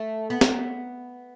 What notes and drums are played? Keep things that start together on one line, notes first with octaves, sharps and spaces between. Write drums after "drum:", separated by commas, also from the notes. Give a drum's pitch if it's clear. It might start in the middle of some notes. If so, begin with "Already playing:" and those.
Already playing: A3
B3
drum: snare